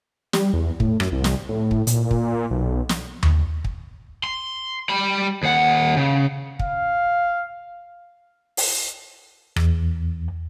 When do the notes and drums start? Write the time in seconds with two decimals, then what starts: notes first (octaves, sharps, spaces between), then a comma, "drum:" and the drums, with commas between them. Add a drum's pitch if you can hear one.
0.33 G3, drum: snare
0.53 E2
0.80 A2, drum: kick
1.00 F#2, drum: rim click
1.12 C2
1.24 drum: snare
1.49 A2
1.71 drum: kick
1.87 A#2, drum: hi-hat
2.11 drum: kick
2.50 B1
2.89 drum: snare
3.23 drum: tom D#2
3.64 drum: kick
4.24 C6
4.89 G3 B5
5.43 D#2 F#5
5.97 C#3
6.59 F5, drum: kick
8.57 drum: open hi-hat
9.56 E2, drum: rim click